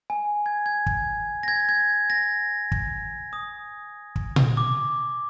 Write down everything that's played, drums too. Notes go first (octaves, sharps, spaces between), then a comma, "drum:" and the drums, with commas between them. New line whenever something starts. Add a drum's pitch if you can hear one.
G#5
G#6
G#6
drum: kick
A#6
G#6
G#6
A#6
drum: kick
D#6
drum: kick
drum: tom A#2
D6